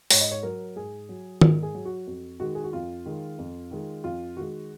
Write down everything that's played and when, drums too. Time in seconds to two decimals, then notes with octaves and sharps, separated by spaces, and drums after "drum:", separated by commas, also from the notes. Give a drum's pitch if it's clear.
0.10 G#2 C#5, drum: open hi-hat
0.21 D#5
0.31 C#5
0.43 F#3 A#4
0.76 G#2 G#4
1.09 F#3
1.41 G#2 A#4, drum: tom D#3
1.63 G#4
1.75 F#3
1.85 F#4
2.07 F2 F#4
2.40 D#3 G#3 F#4
2.55 G#4
2.64 F#4
2.73 F2 F4
3.06 D#3 G#3
3.39 F2
3.71 D#3 G#3
4.04 F2 F4
4.36 D#3 G#3 F#4